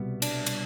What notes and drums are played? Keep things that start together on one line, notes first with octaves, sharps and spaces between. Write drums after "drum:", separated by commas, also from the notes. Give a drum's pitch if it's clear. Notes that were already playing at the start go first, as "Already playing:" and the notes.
Already playing: C2 B2 G3 B3
D4, drum: cymbal
drum: cymbal